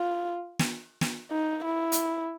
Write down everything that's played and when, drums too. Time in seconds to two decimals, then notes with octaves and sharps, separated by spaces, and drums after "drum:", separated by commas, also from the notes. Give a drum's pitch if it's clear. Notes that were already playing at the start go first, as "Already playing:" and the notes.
Already playing: F4
0.59 drum: snare
1.01 drum: snare
1.31 D#4
1.64 E4
1.92 drum: hi-hat